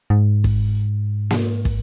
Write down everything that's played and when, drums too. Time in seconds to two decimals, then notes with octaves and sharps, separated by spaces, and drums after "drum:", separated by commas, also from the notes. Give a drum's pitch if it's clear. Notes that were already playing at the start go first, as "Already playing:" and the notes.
0.10 G#2
0.44 drum: kick
1.31 drum: snare A#3
1.65 drum: kick